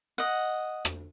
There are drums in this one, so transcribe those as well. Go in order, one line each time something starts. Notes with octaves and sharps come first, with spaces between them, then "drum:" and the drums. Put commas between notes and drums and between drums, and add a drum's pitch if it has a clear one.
D#5 F#5
drum: rim click